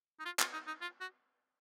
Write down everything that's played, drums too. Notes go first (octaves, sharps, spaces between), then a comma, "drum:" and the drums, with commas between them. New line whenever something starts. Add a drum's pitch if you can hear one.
D#4
F4
F4, drum: clap
D#4
D#4
F4
F#4